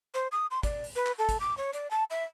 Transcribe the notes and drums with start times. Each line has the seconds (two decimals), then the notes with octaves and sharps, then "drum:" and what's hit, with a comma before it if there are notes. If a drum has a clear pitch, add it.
0.14 C5
0.32 D#6
0.51 C6
0.63 D5, drum: kick, hi-hat
0.84 drum: open hi-hat
0.96 B4
1.06 drum: clap
1.18 A4
1.29 drum: kick, hi-hat
1.40 D6
1.57 C#5
1.73 D5, drum: hi-hat
1.91 A5
2.10 E5